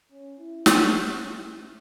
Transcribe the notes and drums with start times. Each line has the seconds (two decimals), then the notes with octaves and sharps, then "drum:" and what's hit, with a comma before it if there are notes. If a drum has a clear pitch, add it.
0.10 C#4
0.39 E4
0.66 drum: snare
1.01 G#2 F3 G#3 C4 C#4
1.31 E4